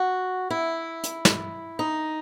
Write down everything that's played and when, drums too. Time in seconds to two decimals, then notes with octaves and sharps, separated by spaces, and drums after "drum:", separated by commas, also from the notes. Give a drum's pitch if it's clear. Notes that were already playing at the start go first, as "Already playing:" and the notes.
Already playing: F#4
0.50 E4
1.04 drum: hi-hat
1.25 drum: snare
1.79 D#4